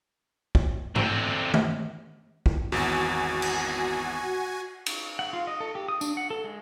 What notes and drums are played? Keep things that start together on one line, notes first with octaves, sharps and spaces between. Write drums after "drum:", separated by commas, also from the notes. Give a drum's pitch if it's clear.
drum: kick
D3 C4, drum: tom G#2
drum: tom D#3
drum: kick
G#1 E2 F#4 G#5
drum: cymbal
drum: cymbal
F#5
F4
D#5
A4
G4
D#6
D4, drum: tambourine
F#5
A4
G#3